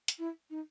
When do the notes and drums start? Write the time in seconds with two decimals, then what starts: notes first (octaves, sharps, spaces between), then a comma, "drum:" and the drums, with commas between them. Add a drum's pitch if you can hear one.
0.08 drum: hi-hat
0.19 E4
0.50 D#4